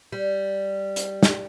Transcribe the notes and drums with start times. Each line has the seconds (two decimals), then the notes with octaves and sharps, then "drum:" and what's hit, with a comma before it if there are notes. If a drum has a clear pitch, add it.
0.12 G3
0.96 drum: hi-hat
1.23 drum: snare